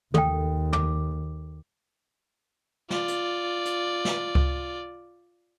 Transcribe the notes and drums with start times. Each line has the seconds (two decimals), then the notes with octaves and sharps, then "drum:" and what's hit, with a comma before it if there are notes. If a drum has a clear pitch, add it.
0.14 D#2 A4 G5, drum: tom
0.73 D6, drum: tom
2.90 F4 D5, drum: snare
3.08 drum: hi-hat
3.65 drum: hi-hat
4.05 drum: snare
4.35 drum: kick C#2